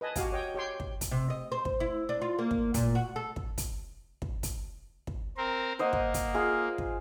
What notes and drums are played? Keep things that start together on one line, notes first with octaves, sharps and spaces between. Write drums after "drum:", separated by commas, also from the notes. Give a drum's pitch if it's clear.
B4 D#5 G#5 A5
F#4 G4 F5 G#5, drum: kick, hi-hat
C#5 D#5 G5
G4 C#5 G5 C6
drum: kick
drum: kick, hi-hat
C3
D#5
C5
drum: kick
E4
D4
F4
A#3
drum: kick
A#2, drum: kick, hi-hat
F#4
A4
drum: kick
drum: kick, hi-hat
drum: kick
drum: kick, hi-hat
drum: kick
C4 A#4 C5
A#3 C5 D#5 F#5
drum: kick
drum: kick, hi-hat
F4 G#4
drum: kick